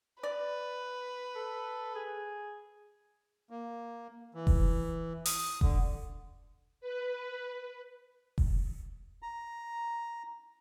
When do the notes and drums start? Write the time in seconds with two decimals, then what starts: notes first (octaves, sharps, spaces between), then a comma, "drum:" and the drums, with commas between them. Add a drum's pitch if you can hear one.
0.23 B4 D5
1.35 A4
1.95 G#4
3.50 A#3
4.34 E3
4.47 drum: kick F1
5.25 D#6, drum: open hi-hat
5.61 D3, drum: kick F1
6.81 B4
8.38 drum: kick F1
9.22 A#5